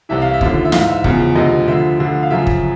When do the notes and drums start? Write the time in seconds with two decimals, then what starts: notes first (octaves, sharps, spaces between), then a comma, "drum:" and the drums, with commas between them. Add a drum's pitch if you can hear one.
0.09 C2 C3 E3 E5
0.22 F5
0.34 E5
0.41 D#2 D3 F3, drum: kick
0.65 E5
0.72 G#2 E3 F5, drum: snare
0.89 E5
1.04 E2 C#3 F3, drum: kick
1.35 D2 C3 F3 D#5
1.67 D2 D3 F3 E5
2.00 D2 D3 F3
2.23 F5
2.30 F#2 C#3 F3 E5
2.47 drum: kick